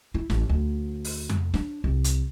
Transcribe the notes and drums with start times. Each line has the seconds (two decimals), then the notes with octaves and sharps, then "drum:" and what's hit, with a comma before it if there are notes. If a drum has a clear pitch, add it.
0.14 E4
0.30 A1, drum: snare
0.49 D2
1.04 drum: open hi-hat
1.29 drum: tom F2
1.54 D4, drum: snare
1.84 C2
2.04 drum: hi-hat